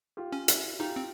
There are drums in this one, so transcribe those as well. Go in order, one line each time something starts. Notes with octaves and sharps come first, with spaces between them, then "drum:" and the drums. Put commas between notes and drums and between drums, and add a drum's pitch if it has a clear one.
F4 G4
C#4
E4 F#4, drum: hi-hat
D#4 F4 G4
C4